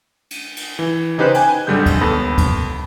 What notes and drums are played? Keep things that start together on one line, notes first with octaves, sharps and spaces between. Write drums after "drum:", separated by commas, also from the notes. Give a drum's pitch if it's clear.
drum: cymbal
drum: cymbal
E3
C#3 D#4 G4 B4 C5 F#6
G5 G#5, drum: cymbal
G#1 D3 G3 G#3 G6
drum: kick C#2, cymbal
D#2 B3 A4 B5 A#6
drum: kick C#2, cymbal